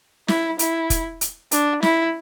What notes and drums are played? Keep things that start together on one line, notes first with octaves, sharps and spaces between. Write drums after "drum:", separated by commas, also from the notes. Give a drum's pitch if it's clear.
E4, drum: snare
E4, drum: hi-hat
drum: kick F1, hi-hat
drum: hi-hat
D4, drum: hi-hat
E4, drum: snare